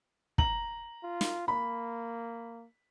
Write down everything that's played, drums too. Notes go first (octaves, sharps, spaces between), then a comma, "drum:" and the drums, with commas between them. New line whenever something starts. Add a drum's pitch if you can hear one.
A#5 F#7, drum: kick
F4
drum: snare
A#3 B5